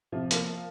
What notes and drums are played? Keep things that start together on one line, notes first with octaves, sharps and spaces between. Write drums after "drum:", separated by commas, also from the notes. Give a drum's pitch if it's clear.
C3 F3
F3 A#3, drum: hi-hat